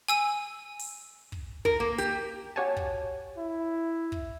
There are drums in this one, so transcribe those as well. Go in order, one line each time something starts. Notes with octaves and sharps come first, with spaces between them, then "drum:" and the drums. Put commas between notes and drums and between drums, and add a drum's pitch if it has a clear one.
G#5 E6 D#7
drum: open hi-hat
drum: kick
A#4, drum: kick
A#3
G4, drum: hi-hat
F#4 G4 C#5 G#5 A5
drum: kick
E4
drum: kick